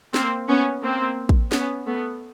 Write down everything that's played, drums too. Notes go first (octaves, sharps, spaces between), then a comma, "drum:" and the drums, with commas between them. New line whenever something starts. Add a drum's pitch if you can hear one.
A#3 C4, drum: snare
B3 C#4
A#3 C4
drum: kick
B3 C#4, drum: snare
A3 B3